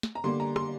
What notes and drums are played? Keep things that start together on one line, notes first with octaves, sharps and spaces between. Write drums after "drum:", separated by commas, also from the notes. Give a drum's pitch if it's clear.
drum: snare
A#5
D3 G3 A#3 C6
A#5
C6, drum: rim click